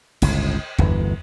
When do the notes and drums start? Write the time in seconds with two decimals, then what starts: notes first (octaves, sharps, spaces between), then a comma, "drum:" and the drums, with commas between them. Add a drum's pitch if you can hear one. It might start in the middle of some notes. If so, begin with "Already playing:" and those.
0.22 G1 C#2 A2, drum: cymbal
0.79 G1 D2 E3, drum: tom E2